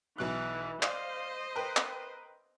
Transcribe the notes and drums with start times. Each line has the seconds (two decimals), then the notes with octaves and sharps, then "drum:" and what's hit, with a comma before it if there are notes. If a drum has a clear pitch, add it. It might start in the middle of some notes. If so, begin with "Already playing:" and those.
0.18 B1 B2 E3 F#6
0.83 C5 D5 D#5 F5, drum: clap
1.56 A#4 B4 G5
1.77 drum: clap